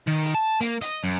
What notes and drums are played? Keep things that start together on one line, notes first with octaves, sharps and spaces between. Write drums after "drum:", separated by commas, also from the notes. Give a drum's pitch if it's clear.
D#3
drum: open hi-hat
A5
A#3, drum: hi-hat
D#5, drum: hi-hat
F#2